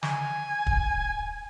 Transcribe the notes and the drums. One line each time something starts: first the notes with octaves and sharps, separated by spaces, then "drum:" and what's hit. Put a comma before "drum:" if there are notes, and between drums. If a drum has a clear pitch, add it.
G#5, drum: snare
drum: kick